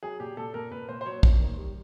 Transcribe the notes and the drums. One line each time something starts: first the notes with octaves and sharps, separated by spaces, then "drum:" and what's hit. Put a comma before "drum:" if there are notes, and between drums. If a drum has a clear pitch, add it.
F#3 G#4
A#2 G4
A#2 A4
A#2 A#4
A#2 B4
A#2 C5
C5
F#3 C#5
A#2, drum: kick
D#3
G3